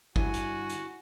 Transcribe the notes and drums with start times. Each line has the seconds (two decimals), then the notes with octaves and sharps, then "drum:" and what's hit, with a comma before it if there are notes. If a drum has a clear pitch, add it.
0.16 G2 D3 G3 E4 F#4 G#5, drum: kick
0.34 drum: hi-hat
0.69 drum: hi-hat